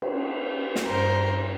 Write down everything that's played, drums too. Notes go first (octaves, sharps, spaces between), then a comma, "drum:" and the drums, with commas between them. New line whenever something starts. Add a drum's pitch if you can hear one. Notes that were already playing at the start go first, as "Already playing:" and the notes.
drum: cymbal
drum: snare
G2 A#4 C5